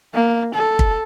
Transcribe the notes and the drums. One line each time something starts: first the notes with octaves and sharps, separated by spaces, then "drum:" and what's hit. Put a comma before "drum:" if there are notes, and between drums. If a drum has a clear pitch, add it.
A#3
A4
drum: kick